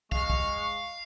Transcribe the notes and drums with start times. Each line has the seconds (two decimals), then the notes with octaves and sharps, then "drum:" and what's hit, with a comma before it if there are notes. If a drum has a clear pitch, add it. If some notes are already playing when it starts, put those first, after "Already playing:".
0.12 G#3 F5 C#6, drum: kick
0.30 drum: kick